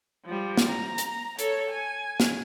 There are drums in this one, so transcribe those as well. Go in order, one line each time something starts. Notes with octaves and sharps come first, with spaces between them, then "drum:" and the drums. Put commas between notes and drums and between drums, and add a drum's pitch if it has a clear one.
F3 G3
drum: snare
A#5
drum: hi-hat
A4 C#5, drum: hi-hat
G#5
drum: snare